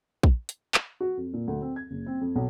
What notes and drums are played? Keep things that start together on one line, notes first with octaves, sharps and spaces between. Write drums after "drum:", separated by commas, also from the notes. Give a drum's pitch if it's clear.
drum: kick
drum: hi-hat
drum: clap
F#4
F2
A#2
D2
C4
G#6
F#1
C4
F2
B1